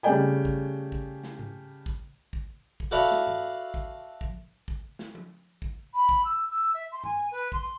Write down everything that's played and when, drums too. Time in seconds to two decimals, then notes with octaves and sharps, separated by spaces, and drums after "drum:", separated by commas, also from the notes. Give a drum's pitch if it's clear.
0.03 C#3 G3 A3 D5 G5 G#5
0.45 drum: kick
0.92 drum: kick
1.23 drum: snare
1.39 drum: tom G#2
1.86 drum: kick
2.33 drum: kick
2.80 drum: kick
2.91 F#4 A4 B4 D5 E5 F5
3.11 drum: snare
3.27 drum: tom G2
3.74 drum: kick
4.21 drum: kick
4.68 drum: kick
4.99 drum: snare
5.15 drum: tom F3
5.62 drum: kick
5.93 B5
6.09 drum: kick
6.24 E6
6.50 E6
6.73 E5
6.91 C6
7.04 G#5, drum: tom G2
7.31 B4
7.52 C6, drum: kick